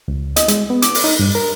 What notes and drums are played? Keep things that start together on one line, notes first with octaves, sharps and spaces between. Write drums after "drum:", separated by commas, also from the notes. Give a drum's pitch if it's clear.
C#2
D#5, drum: hi-hat
G#3, drum: hi-hat
B3
D6, drum: hi-hat
drum: open hi-hat
D#4
G2
A#4